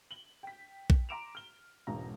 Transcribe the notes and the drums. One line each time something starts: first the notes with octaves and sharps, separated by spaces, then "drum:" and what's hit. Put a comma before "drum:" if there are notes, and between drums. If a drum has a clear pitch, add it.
F#7 G7
G5 B6
drum: kick A#1
A#5 C6 D6 D7 E7 F7
F6 G7
E1 B1 G#2 E3 C#4 A#5